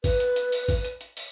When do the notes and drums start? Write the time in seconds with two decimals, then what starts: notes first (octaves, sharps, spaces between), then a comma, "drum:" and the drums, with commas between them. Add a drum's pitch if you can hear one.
0.04 B4, drum: kick, open hi-hat
0.20 drum: hi-hat
0.36 drum: hi-hat
0.52 drum: open hi-hat
0.68 drum: kick, open hi-hat
0.85 drum: hi-hat
1.01 drum: hi-hat
1.17 drum: open hi-hat